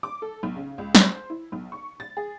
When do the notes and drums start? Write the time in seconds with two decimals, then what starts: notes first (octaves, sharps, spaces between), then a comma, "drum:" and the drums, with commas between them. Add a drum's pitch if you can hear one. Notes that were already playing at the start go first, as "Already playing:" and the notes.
0.03 D6
0.22 A4
0.43 B1
0.56 C#3
0.78 C#2
0.95 C5, drum: snare
1.30 E4
1.52 B1
1.72 C#6
2.00 A6
2.17 G#4